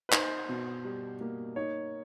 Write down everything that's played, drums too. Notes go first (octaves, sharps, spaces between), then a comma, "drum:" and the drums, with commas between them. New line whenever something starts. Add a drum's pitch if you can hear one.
B4
D#4 C5, drum: clap
B2
G3
A#3
D#4 C#5